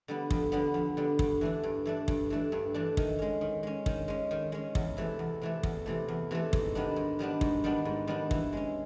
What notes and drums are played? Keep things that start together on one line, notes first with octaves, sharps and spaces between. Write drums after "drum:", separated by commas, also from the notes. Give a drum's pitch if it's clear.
D3 G3 B3
F2, drum: kick
D3 G3 B3
F2
D3 G3 B3
G2, drum: kick
E3 A3 D4
G2
E3 A3 D4
G2, drum: kick
E3 A3 D4
G2
E3 A3 D4
D#3, drum: kick
G#3 C#4
D#3
G#3 C#4
D#3, drum: kick
G#3 C#4
D#3
G#3 C#4
E2, drum: kick
C3 E3 A3
E2
C3 E3 A3
E2, drum: kick
C3 E3 A3
E2
C3 E3 A3
G#2, drum: kick
D#3 G3 B3 D4
G#2
D#3 G3 B3 D4
G#2, drum: kick
D#3 G3 B3 D4
G#2
D#3 G3 B3 D4
E3, drum: kick
G#3 C#4